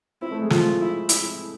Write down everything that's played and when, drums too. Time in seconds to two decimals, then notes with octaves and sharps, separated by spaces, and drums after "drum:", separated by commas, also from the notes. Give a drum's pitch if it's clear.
0.22 C4 E4
0.32 A3
0.41 G#3
0.50 F3 F4, drum: snare
0.80 E4
1.09 E4, drum: hi-hat